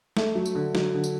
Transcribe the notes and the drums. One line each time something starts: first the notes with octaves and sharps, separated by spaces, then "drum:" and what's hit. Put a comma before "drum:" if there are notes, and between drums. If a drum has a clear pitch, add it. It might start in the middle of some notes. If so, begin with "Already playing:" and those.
A3, drum: snare
F#3
drum: tambourine
D3
F#3, drum: snare
D3
drum: tambourine